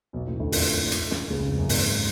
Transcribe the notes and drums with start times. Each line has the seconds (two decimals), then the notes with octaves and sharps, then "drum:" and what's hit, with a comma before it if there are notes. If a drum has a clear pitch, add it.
0.13 B1 B2
0.27 A1 A2
0.40 D2 D3
0.52 F2 F3, drum: open hi-hat
0.92 drum: hi-hat
1.11 drum: snare
1.30 C#2 C#3
1.46 F2
1.58 F#2
1.69 G#1 G#2, drum: open hi-hat